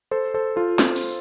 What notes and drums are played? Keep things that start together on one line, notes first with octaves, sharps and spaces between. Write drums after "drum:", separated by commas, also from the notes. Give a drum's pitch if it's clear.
A4 C5
A4 C5
F4 A4
drum: snare
drum: open hi-hat